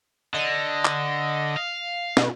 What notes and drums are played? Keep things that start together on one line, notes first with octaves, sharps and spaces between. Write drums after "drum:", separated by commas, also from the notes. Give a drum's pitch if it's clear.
D3 D#5
drum: clap
F5
B2, drum: snare